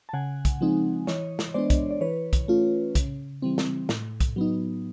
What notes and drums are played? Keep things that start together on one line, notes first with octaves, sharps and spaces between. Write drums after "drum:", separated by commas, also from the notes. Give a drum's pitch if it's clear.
A5
C#3 F#5 G#5
drum: kick, hi-hat
F3 G#3 C4 D#4
E3 C#5 D#5, drum: snare
drum: snare
G#3 B3 D4 C5 D5
drum: kick, hi-hat
D5
E3 B4 C#5
drum: kick, hi-hat
A3 C#4 F4
C#3, drum: kick, hi-hat
E3 G3 C4
drum: snare
A2, drum: snare
drum: kick, hi-hat
F#3 B3 D#4